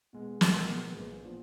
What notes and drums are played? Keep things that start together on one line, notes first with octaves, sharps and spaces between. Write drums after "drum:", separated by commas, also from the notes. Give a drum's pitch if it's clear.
B2 G#3 B3
B1 F#4 A#4, drum: snare
B2 G#3 B3
A#1 G#4 B4
A#2 F3 B3